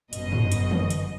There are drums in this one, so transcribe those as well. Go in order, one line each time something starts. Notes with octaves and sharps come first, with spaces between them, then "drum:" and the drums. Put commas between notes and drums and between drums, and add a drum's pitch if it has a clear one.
G1 F#2 B2 D#5, drum: hi-hat
drum: tom
drum: hi-hat
drum: tom
drum: hi-hat